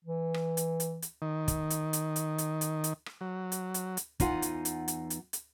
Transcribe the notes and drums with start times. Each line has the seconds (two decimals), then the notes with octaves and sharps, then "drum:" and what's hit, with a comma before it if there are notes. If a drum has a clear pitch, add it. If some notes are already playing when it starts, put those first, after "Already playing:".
0.05 E3
0.34 drum: rim click
0.57 drum: hi-hat
0.80 drum: hi-hat
1.02 drum: hi-hat
1.22 D#3
1.48 drum: kick, hi-hat
1.70 drum: hi-hat
1.93 drum: hi-hat
2.16 drum: hi-hat
2.38 drum: hi-hat
2.61 drum: hi-hat
2.84 drum: hi-hat
3.06 drum: rim click
3.21 F#3
3.52 drum: hi-hat
3.74 drum: hi-hat
3.97 drum: hi-hat
4.20 E2 E3 D#4 F4 F#5 G#5, drum: kick, hi-hat
4.42 drum: hi-hat
4.65 drum: hi-hat
4.88 drum: hi-hat
5.10 drum: hi-hat
5.33 drum: hi-hat